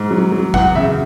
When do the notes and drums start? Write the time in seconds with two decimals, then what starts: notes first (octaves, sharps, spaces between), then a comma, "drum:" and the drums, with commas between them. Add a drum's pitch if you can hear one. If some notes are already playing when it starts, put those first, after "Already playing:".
Already playing: G#2
0.11 F#3
0.32 F#3
0.54 E2 F#5, drum: kick
0.75 C#3 E5